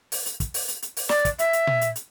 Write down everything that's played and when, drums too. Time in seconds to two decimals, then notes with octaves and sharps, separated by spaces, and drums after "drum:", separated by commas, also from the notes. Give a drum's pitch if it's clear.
0.12 drum: open hi-hat
0.26 drum: hi-hat
0.40 drum: kick, hi-hat
0.54 drum: open hi-hat
0.68 drum: hi-hat
0.82 drum: hi-hat
0.97 drum: open hi-hat
1.09 D5, drum: snare
1.25 drum: kick, hi-hat
1.39 E5, drum: hi-hat
1.53 drum: hi-hat
1.67 drum: tom A#2
1.81 drum: hi-hat
1.96 drum: hi-hat